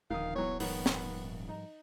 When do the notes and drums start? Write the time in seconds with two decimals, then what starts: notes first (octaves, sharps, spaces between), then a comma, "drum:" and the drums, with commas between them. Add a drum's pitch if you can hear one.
0.11 D#1 D#2 D3 D#3 F3 F5 D#6
0.36 C2 E3 F#3 B3 C#5
0.60 G#2 D#3 F3 G3 B3 C#5, drum: open hi-hat
0.86 drum: snare
1.49 D#4